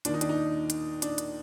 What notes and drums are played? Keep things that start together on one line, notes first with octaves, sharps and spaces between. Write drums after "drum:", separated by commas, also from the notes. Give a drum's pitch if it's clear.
D#2 D#3 D4, drum: hi-hat
D#4
D4, drum: hi-hat
D#4
drum: hi-hat
D4, drum: hi-hat
drum: hi-hat